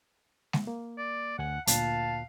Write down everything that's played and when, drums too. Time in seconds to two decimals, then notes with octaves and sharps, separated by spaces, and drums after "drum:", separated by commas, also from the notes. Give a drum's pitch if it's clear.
0.53 drum: snare
0.67 A#3
0.98 D5
1.39 D2 F#5 G#5 F#6
1.67 D2 A#2 F5 A5 F#6, drum: hi-hat